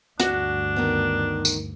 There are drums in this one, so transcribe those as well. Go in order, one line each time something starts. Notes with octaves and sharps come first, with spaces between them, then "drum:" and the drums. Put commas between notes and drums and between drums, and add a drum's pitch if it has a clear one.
D2 G2 D4 F#4, drum: hi-hat
D#3 B3
drum: tambourine